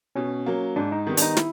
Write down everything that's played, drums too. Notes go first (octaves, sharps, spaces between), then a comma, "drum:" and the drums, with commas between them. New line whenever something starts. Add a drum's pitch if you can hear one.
B2 C#4
F#3 A#3
G#2 D4
D#4
D#3 G3 B3
D4, drum: hi-hat
D#4
E4, drum: snare